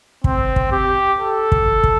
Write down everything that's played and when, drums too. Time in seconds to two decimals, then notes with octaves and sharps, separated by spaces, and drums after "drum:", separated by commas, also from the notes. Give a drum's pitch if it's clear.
0.24 C4, drum: kick
0.56 drum: kick
0.72 G4
1.20 A4
1.52 drum: kick
1.84 drum: kick